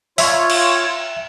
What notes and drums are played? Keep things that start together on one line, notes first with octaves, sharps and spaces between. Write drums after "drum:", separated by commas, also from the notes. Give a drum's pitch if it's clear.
F4 C#5 E5, drum: open hi-hat
drum: cymbal